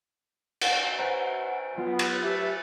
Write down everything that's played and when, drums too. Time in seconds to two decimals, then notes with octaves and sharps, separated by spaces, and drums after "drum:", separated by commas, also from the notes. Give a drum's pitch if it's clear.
0.61 drum: cymbal
0.98 B4 C5 F#5 A#5
1.78 F#3 B3 F4
1.99 drum: cymbal
2.24 A3 G4 B4 E5